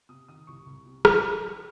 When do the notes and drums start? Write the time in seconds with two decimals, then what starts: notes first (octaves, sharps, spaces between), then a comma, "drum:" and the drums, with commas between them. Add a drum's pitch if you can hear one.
0.09 C3 D#6
0.28 D#3 D#6
0.47 C2 C#6
0.66 C2
0.85 C3
1.05 C3, drum: rim click